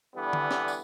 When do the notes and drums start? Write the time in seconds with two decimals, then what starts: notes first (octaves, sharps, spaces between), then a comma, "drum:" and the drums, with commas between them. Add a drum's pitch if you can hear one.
0.16 D3 E3 G3 B3
0.33 drum: tom D3
0.51 drum: snare
0.68 drum: tambourine